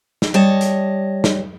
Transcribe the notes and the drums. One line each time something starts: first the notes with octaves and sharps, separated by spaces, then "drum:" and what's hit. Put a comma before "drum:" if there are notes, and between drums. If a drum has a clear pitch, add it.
drum: snare
G3 C#5 D#5 A5
drum: hi-hat
drum: snare